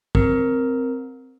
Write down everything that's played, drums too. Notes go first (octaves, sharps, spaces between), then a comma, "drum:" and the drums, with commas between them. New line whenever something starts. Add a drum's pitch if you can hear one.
C4 A#4, drum: kick